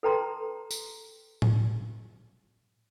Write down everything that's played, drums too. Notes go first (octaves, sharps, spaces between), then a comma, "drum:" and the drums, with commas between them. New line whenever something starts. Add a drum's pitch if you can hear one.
A4 B4 G5 A5 A#5 C6
drum: tambourine
drum: tom A2